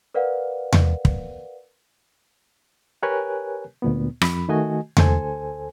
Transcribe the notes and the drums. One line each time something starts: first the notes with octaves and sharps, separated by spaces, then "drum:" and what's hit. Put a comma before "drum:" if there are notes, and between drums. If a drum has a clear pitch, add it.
A#4 B4 D5 F5 F#5
drum: tom E2
drum: kick
G4 A#4 B4 C#5 G#5 F#6
D2 A#2 B3
F2 B5, drum: rim click
D#3 A3 F#4 D#5 G#5
D2 A4 C5 G#5, drum: tom E2